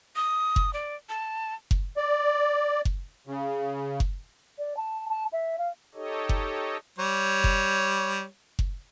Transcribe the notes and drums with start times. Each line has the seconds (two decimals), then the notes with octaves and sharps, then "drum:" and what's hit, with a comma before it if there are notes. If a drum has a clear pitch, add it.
0.16 D#6
0.56 drum: kick F#1
0.73 D5
1.09 A5
1.71 drum: kick F#1
1.97 D5
2.85 drum: kick F#1
3.27 C#3
4.00 drum: kick F#1
4.58 D5
4.76 A5
5.09 A5
5.32 E5
5.58 F5
5.94 D#4 G4 A4 C#5 D#5
6.29 drum: kick F#1
6.99 G3 C#5
7.44 drum: kick F#1
8.59 drum: kick F#1